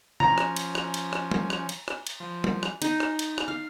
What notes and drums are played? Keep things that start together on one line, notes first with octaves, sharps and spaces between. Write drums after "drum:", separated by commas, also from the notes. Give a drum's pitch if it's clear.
F3 C#4 A#5, drum: tom B2
drum: rim click
drum: cymbal
drum: rim click
drum: cymbal
drum: rim click
drum: tom
drum: rim click
drum: cymbal
drum: rim click
drum: cymbal
F3
drum: tom
drum: rim click
D#4, drum: cymbal
drum: rim click
drum: cymbal
drum: rim click
F5